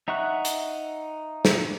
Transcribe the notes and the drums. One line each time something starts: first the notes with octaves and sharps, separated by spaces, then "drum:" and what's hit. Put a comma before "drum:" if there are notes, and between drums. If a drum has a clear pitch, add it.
D#4 E5 F#5 C#6 F#6
drum: hi-hat
drum: snare